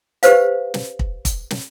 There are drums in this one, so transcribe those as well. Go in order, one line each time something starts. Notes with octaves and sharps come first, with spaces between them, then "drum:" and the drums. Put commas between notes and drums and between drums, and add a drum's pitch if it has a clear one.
G4 B4 C5 F5, drum: hi-hat
drum: snare
drum: kick
drum: kick, hi-hat
drum: snare